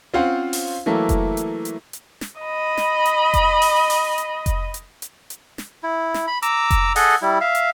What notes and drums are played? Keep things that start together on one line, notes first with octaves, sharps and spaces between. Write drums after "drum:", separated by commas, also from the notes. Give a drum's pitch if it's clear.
C4 C#4 F4 C5 F5 F#5
drum: open hi-hat
E3 F#3 A3 A#3 E4 A4
drum: kick F1, hi-hat
drum: hi-hat
drum: hi-hat
drum: hi-hat
drum: snare
D#5 B5
drum: snare
drum: hi-hat
drum: kick F1, hi-hat
drum: open hi-hat
drum: open hi-hat
drum: hi-hat
drum: kick F1, hi-hat
drum: hi-hat
drum: hi-hat
drum: hi-hat
drum: snare
E4
drum: snare
B5
A#5 D6 E6, drum: hi-hat
drum: kick F1, hi-hat
G#4 A4 D#5 F#5, drum: open hi-hat
G3 E4
E5 F5
drum: hi-hat